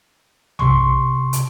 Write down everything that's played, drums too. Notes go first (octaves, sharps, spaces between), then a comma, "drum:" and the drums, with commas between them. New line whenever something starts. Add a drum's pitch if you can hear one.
C3 C6 C#6, drum: tom
drum: hi-hat